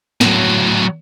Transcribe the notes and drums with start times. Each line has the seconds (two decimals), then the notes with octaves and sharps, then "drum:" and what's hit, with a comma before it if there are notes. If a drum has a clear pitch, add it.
0.21 A2 F#3, drum: snare